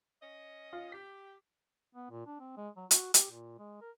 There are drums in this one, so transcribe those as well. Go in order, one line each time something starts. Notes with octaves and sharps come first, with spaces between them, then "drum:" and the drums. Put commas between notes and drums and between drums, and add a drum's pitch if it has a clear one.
C#4 D#5
F4
G4 B6
B3
A#2
D4
C4
G#3
F#3
F#4, drum: hi-hat
G4, drum: hi-hat
A#2
G#3
A#4